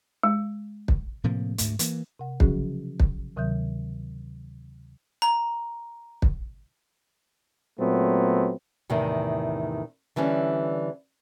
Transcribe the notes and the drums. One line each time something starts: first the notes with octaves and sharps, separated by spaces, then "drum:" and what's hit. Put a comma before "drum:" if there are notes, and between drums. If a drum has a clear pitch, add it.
G#3
drum: kick
A2 C3 F3 A#3
D2 G#2 A3, drum: hi-hat
E3 A#3, drum: hi-hat
C3 F#5
C#3 F3 F#3 C#4 F#4 G#4, drum: kick
drum: kick
D2 C3 D#3 F#3 E5 G6
A#5
drum: kick
A#2 F#3 A3 B3 C4
E2 A2 C3 D#3
D3 E3 G3 C#4